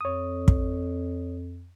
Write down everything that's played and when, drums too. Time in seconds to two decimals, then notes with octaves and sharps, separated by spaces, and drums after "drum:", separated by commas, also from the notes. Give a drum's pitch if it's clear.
0.01 F2 C#5 D#6
0.48 drum: kick